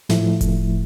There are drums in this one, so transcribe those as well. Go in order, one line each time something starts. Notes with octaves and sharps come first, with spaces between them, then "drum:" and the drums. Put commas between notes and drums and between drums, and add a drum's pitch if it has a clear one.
A2 F3 A3 E4, drum: snare
drum: kick F1, hi-hat